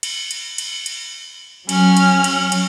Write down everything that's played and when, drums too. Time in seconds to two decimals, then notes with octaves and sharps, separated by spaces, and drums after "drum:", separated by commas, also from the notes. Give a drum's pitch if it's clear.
0.03 drum: cymbal
0.31 drum: cymbal
0.58 drum: cymbal
0.86 drum: cymbal
1.69 F#3 C#4 F6, drum: cymbal
1.97 drum: cymbal
2.24 drum: cymbal
2.52 drum: cymbal